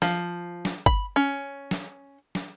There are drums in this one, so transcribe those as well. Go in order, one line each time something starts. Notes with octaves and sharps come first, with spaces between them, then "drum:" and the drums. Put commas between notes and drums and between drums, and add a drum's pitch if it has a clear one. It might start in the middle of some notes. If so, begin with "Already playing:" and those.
F3, drum: snare
drum: snare
B5, drum: kick G1
C#4
drum: snare
drum: snare